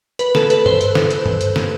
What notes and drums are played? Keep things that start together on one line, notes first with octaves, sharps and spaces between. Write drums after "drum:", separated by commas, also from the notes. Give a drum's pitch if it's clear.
B4, drum: hi-hat
A4, drum: snare
B4, drum: hi-hat
C5, drum: tom G2
C5, drum: hi-hat
drum: snare
drum: hi-hat
drum: tom G2
drum: hi-hat
drum: snare